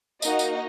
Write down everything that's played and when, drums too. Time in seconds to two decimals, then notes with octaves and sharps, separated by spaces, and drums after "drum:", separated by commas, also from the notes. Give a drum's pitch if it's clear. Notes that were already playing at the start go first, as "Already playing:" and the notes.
0.22 A#3 D#4 F#4 D#5, drum: tambourine
0.39 drum: tambourine